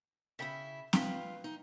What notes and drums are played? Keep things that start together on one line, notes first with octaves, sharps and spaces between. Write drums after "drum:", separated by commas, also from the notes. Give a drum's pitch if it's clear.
C#3 E4 E5 G5 B5
F4 B4 G5, drum: snare
D#4